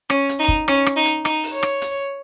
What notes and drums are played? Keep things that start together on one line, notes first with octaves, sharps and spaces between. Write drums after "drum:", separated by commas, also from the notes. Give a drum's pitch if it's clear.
C#4, drum: rim click
drum: hi-hat
D#4
drum: kick
C#4, drum: rim click
drum: rim click
D#4
drum: hi-hat
D#4, drum: rim click
drum: open hi-hat
C#5
drum: rim click
drum: hi-hat